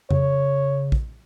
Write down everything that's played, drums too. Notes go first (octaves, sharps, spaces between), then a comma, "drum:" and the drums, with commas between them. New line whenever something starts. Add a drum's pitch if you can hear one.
C#3 C#5, drum: tom F2
drum: kick A#1